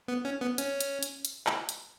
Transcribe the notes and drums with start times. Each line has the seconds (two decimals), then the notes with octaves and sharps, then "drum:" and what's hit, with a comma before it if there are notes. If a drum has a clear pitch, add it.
0.08 B3
0.25 C#4
0.41 B3
0.58 C#4, drum: hi-hat
0.80 drum: hi-hat
1.03 drum: hi-hat
1.25 drum: hi-hat
1.47 drum: clap
1.69 drum: hi-hat